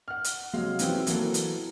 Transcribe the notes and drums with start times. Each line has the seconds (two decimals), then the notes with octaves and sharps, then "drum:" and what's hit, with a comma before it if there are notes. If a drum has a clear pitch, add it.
0.08 F#5 F6
0.24 drum: hi-hat
0.53 C3 F#3 G#3 F5
0.79 E3 F#3 B3 C4 E4 G4, drum: hi-hat
1.07 E3 F#3 A#3 A4, drum: hi-hat
1.34 drum: hi-hat